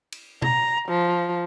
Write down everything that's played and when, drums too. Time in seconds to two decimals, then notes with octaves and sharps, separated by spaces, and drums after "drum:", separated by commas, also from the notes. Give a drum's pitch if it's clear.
0.12 drum: cymbal
0.42 A#5, drum: tom B2
0.88 F3